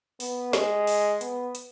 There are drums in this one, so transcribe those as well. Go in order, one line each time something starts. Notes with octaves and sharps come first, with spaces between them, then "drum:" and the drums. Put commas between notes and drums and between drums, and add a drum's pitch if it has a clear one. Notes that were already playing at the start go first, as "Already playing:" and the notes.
B3, drum: open hi-hat
G#3, drum: snare
drum: open hi-hat
B3, drum: hi-hat
drum: hi-hat